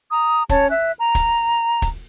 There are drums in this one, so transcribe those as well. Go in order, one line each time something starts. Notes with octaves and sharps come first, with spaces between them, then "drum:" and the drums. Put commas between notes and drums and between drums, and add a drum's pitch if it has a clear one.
A#5 D#6
C#4 C#5 A5, drum: kick, hi-hat
E5 F#6
A#5
drum: kick, hi-hat
drum: kick, hi-hat